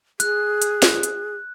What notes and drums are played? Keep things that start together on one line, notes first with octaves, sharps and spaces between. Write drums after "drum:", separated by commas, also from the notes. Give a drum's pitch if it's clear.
G#4 F#6, drum: hi-hat
drum: hi-hat
drum: snare
drum: hi-hat